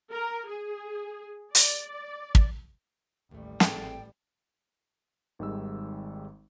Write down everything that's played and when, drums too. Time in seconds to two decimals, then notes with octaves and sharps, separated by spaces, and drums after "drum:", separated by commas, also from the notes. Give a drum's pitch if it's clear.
0.12 A#4
0.46 G#4
1.55 D5, drum: hi-hat
2.35 drum: kick
3.31 A1 D#2 G3 A3
3.60 G#1 C4 G#4 A4 E5 G5 A6, drum: snare
5.39 G#1 D#3 G3 G#3 E6